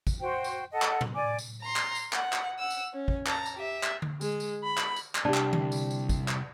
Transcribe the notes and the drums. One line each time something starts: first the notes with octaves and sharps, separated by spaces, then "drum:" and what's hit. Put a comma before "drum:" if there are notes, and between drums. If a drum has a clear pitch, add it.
drum: kick, tambourine
F#4 C5 G5
drum: tambourine
A4 D#5 F#5 A5
drum: clap
drum: tom A2
D5 G#5 D6
drum: tambourine
A#5 C6
drum: clap
drum: tambourine
F#5, drum: clap
drum: clap
F#5 E6
drum: tambourine
C#4
drum: kick
A5 A#5, drum: clap
drum: tambourine
G4 E5
drum: clap
drum: tom D3
G#3, drum: tambourine
drum: tambourine
B5
drum: clap
drum: tambourine
drum: clap
C2 D4 G4 D5 A5
drum: clap
drum: tom D3
drum: tambourine
drum: tambourine
drum: kick, tambourine
drum: clap